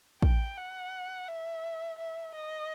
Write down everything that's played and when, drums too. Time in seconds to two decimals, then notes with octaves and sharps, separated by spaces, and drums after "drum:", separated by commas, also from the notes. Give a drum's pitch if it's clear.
0.22 G5, drum: kick
0.57 F#5
1.29 E5
1.99 E5
2.35 D#5